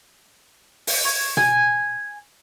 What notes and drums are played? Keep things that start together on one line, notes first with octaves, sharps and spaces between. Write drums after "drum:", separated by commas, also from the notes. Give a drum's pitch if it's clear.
drum: open hi-hat
C#5
G#5, drum: tom B2